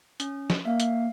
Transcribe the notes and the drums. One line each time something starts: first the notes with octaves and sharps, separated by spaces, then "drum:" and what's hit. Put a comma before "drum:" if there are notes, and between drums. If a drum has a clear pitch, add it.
C#4, drum: hi-hat
drum: snare
A#3 E5 F5
drum: hi-hat